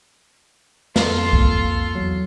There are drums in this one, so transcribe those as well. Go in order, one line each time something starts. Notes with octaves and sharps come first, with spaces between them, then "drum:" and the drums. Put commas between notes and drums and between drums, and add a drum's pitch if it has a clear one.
F2 A#3 F4 A4, drum: snare
drum: kick C2
E2 F#3